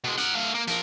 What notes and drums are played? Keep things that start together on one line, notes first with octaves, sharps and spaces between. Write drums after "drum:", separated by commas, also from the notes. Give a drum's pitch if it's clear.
B2 G#3
A#4 F#5, drum: hi-hat
A3 F5
A#3
F3 A#4, drum: hi-hat